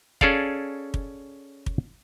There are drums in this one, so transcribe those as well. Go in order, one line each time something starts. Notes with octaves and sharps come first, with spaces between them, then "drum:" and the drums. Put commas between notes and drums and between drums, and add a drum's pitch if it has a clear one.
C#4 G#4 A4 D5 F5, drum: kick
drum: kick
drum: kick